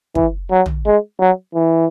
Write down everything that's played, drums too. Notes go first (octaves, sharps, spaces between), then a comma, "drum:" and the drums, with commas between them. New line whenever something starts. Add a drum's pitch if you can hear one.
E3, drum: kick
F#3
drum: tom
G#3
F#3
E3